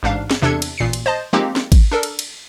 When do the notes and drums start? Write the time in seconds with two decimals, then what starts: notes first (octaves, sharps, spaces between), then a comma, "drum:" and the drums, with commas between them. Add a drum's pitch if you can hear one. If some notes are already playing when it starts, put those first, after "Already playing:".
0.03 A1 G#2 D4 F5
0.31 drum: snare
0.42 E2 C3 D4 A4 G#6 C#7
0.62 drum: cymbal
0.78 A1 A#2 C7 C#7
0.93 drum: cymbal
1.06 C5 D#5 A5
1.33 F3 G#3 A#3 C4 D#4 G4
1.56 drum: snare
1.72 drum: kick G#1, cymbal
1.91 D4 A4 A#4
2.03 drum: cymbal
2.19 drum: cymbal